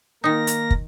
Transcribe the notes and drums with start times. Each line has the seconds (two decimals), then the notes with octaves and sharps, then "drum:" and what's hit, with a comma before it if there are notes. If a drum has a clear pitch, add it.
0.24 D#3 A#3 D#4 A#4 A#6
0.47 drum: hi-hat
0.71 drum: kick